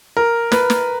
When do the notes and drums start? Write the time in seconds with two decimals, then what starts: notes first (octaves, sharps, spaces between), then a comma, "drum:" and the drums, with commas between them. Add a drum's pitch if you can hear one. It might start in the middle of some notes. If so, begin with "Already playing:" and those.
0.17 A#4
0.52 B4, drum: snare
0.70 drum: snare